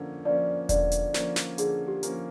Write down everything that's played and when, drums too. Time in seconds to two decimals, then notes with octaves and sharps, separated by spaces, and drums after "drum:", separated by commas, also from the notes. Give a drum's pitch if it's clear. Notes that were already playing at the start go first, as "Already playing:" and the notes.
Already playing: D3 F3 A#3 C#4
0.25 F3 A#3 C#4 D5
0.69 D3 D5, drum: kick E1, hi-hat
0.92 drum: hi-hat
1.14 F3 A#3 C#4, drum: snare
1.36 drum: snare
1.58 D3 G#4, drum: hi-hat
1.88 G4
2.03 F3 A#3 C#4, drum: hi-hat